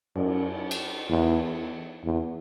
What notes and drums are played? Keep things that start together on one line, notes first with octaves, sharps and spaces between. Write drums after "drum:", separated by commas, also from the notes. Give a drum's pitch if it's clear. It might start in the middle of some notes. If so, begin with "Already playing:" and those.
F#2, drum: cymbal
drum: cymbal
E2
E2